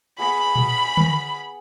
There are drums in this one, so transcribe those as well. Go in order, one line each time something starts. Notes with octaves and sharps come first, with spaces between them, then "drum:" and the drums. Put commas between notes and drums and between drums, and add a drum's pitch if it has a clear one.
B3 G#4 F#5 B5
drum: tom A#2
drum: tom D3